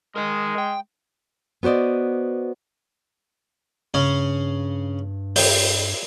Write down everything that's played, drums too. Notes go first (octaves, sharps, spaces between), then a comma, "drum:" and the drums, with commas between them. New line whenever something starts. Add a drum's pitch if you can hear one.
G#3 A#4 D#5
G5
B3 F#4 C5 D5 D#5
G2 C#3 C#4
G5, drum: open hi-hat